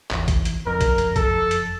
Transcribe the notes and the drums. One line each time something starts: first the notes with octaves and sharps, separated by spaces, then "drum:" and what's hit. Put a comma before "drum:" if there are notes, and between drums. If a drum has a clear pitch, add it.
G#1 E2, drum: clap
drum: kick, hi-hat
drum: hi-hat
F#1 F2 A#4
drum: kick, hi-hat
drum: hi-hat
A4, drum: kick, hi-hat
drum: hi-hat